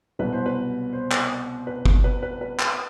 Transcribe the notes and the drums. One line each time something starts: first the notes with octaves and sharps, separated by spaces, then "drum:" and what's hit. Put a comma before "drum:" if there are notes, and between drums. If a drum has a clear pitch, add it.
C2 B2 F#3 B4
C5
B4
C5
drum: clap
B4
drum: kick G1
B4
B4
B4
drum: clap